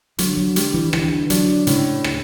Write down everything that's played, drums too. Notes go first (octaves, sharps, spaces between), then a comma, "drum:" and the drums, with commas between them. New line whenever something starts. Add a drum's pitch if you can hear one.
D3 F#3, drum: hi-hat
F#3
G3, drum: hi-hat
E3
D3 E3, drum: rim click
F#3 D4, drum: hi-hat
A2 C#3, drum: hi-hat
drum: rim click